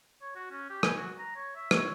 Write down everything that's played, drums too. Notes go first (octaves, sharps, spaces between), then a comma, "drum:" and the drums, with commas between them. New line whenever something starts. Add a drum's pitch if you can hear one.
C#5
F#4
C#4
G4
G#5, drum: rim click
F#4
A#5
C#5
E5
C#5, drum: rim click